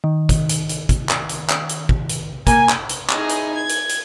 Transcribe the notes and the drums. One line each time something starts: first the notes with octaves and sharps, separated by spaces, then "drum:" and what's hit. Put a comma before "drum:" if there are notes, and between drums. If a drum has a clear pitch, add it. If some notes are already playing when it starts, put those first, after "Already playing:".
D#3
drum: kick, hi-hat
drum: hi-hat
drum: hi-hat
drum: kick, hi-hat
drum: clap
drum: hi-hat
drum: clap
drum: hi-hat
drum: kick
drum: hi-hat
A#3 G#5, drum: kick, hi-hat
drum: clap
drum: hi-hat
D#4 E4 G#4 D#5, drum: clap
drum: hi-hat
G#6
drum: hi-hat
drum: hi-hat